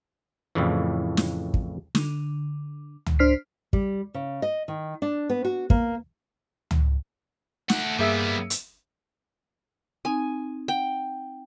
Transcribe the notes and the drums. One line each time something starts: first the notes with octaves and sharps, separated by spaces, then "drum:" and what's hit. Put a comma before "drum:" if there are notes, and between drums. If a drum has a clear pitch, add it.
F2 A2 C#3 E3
drum: snare
drum: kick
D3, drum: snare
drum: tom C#2
D4 C5 F6 B6 C7
G3, drum: kick
C#3
D#5
D#3
D4
B3
F#4
A#3, drum: kick
drum: tom C#2
A3 F#5, drum: snare
G2 G3 A#3 B3 G#4 E5 E6
drum: hi-hat
C4 D#4 G#5
F#5 G5